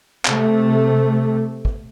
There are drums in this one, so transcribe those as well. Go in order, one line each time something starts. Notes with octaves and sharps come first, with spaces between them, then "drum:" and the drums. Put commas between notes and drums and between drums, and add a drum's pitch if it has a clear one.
C3 A3, drum: clap
drum: kick